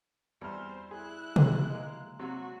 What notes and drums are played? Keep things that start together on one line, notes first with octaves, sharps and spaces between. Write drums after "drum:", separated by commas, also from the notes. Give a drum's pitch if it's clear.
E2 G3 C4 C5 F6
E4 G#4 F#6
drum: tom
G#3 A#3
C3 F#3 F#4